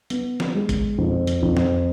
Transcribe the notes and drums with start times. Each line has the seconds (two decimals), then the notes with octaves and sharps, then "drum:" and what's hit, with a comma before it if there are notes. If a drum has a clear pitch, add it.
0.10 B3, drum: hi-hat
0.40 drum: snare
0.55 G#3
0.69 drum: kick G#1, hi-hat
0.98 F2
1.27 drum: hi-hat
1.43 F2
1.57 drum: snare